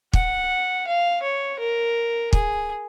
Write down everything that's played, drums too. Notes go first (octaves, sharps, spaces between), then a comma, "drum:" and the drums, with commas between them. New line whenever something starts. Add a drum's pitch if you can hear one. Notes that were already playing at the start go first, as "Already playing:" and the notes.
F#5, drum: kick
F5
C#5
A#4
G#4, drum: kick